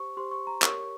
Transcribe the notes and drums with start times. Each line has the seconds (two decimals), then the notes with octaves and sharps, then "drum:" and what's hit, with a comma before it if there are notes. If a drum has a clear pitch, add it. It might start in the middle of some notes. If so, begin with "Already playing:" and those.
Already playing: G4 C5 C#6
0.17 G4 C5 C6
0.32 C#6
0.47 A#5
0.62 G4 A#4 C#5 C#6, drum: clap